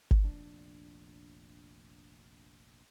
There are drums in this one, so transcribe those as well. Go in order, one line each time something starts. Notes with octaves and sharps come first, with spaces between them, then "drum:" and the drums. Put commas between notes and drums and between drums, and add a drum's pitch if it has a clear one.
drum: kick G1
F1 A#1 D4